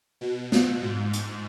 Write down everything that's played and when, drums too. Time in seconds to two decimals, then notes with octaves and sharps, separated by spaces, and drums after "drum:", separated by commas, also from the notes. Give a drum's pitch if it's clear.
0.21 B2
0.52 B2, drum: snare
0.82 G#2
1.14 drum: hi-hat